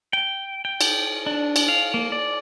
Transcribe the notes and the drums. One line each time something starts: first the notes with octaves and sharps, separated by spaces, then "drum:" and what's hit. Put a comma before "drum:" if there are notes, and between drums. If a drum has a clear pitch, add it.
G5
G5
drum: cymbal
D4
drum: cymbal
F5
A#3
D5